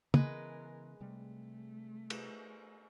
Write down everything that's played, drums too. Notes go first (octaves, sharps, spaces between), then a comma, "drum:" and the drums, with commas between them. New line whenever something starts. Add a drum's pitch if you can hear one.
C#3 E3 G#3 B3 A#4 B4, drum: tom
C3 G3 A3
drum: cymbal